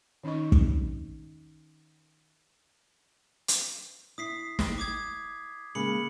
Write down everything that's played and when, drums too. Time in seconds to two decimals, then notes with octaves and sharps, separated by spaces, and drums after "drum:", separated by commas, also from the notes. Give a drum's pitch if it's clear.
0.24 D#3 C#4 D#4 D#5 C#6
0.52 drum: kick
3.48 drum: hi-hat
4.18 E4 D#6 B6 C7
4.59 drum: snare
4.78 D6 D#6 G#6
5.75 C#3 G#3 A#3 B5 C#7 F#7